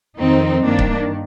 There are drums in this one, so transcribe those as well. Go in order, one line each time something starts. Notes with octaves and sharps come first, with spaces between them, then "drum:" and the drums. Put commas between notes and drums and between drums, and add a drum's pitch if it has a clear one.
F2 D#3 C4 D#4
G2 D#3 A#3 D4
drum: kick C#1